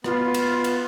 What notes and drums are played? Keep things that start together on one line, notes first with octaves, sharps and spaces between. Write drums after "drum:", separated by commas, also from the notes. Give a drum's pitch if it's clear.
B3 F4, drum: rim click
drum: cymbal
drum: cymbal